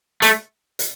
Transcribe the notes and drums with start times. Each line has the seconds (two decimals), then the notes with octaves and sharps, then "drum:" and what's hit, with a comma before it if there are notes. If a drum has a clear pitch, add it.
0.22 A3, drum: hi-hat
0.79 drum: hi-hat